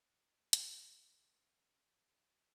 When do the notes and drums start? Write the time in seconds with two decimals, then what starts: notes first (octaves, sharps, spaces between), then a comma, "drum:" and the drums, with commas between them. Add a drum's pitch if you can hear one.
0.19 A#3
0.53 G4, drum: hi-hat
1.02 C#3
1.55 C#4
1.83 F#2